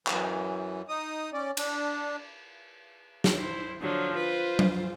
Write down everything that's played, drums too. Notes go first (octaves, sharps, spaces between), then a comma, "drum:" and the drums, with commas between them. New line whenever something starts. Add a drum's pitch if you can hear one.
F#2 E3, drum: clap
D#4 D#6
C#4 D5
D4, drum: cymbal
drum: snare
E4 C5
D3 F3 F#3
F4 B4 C5
drum: tom F#3